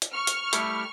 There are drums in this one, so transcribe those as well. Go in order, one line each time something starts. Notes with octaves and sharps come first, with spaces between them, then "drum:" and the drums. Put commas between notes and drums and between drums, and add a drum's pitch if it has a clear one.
drum: hi-hat
C#6 F6
drum: hi-hat
G3 A3 E4, drum: hi-hat